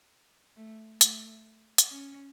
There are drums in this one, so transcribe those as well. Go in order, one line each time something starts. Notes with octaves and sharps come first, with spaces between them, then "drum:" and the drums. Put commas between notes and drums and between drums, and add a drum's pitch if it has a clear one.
A3
A3, drum: hi-hat
drum: hi-hat
C#4